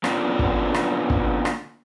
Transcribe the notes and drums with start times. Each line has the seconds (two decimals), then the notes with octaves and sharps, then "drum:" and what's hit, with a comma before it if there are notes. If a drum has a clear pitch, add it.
0.04 D3 A#3 B3 C#4 F4 D5, drum: rim click
0.39 drum: kick
0.74 drum: rim click
1.10 drum: kick
1.45 drum: rim click